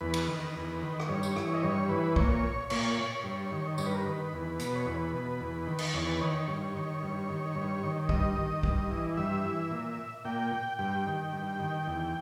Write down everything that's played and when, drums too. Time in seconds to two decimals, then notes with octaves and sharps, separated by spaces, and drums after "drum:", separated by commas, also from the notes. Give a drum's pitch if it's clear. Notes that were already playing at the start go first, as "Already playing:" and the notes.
0.01 E2 B4
0.14 drum: cymbal
0.28 D#3
0.56 E2
0.82 D#3
1.00 drum: rim click
1.09 G2 C#5
1.23 drum: tambourine
1.36 E3, drum: rim click
1.54 D#5
1.62 G2 C#5
1.89 E3 B4
2.16 A#2 C#5, drum: kick
2.70 A#2 C#5, drum: cymbal
3.24 G2
3.52 D#3
3.78 G2 C#5, drum: tambourine
3.86 B4
3.93 A#4
4.01 D#3 B4
4.33 E2
4.59 B2, drum: hi-hat
4.75 C#5
4.86 E2 B4
5.13 B2
5.41 E2
5.67 D#3
5.78 drum: cymbal
5.94 E2 C#5
6.07 B4
6.21 D#3 C#5
6.47 G2
6.75 D#3
7.02 G2
7.29 D#3
7.55 G2
7.83 D#3
8.09 G2 D#5, drum: kick
8.36 D#3
8.63 G2, drum: kick
8.91 E3
9.17 G2 E5
9.45 E3
9.71 A#2
10.25 A#2 G5
10.79 G2 G5
11.07 D#3
11.33 G2
11.59 D#3
11.87 E2